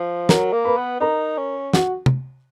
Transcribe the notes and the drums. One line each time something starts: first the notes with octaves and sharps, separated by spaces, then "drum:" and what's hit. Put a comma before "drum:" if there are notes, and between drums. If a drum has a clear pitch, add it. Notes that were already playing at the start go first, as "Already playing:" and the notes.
Already playing: F3
F#3 A#4 A#5, drum: snare
A#3
B4 B5
B3
D#4 A#4 A#5
C#4
F#4 F#5, drum: snare
drum: tom C3